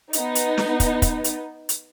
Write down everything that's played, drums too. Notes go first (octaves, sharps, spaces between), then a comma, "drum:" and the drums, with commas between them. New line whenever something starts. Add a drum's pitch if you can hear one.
B3 D#4, drum: hi-hat
drum: hi-hat
drum: snare
drum: kick, hi-hat
drum: kick, hi-hat
drum: hi-hat
drum: hi-hat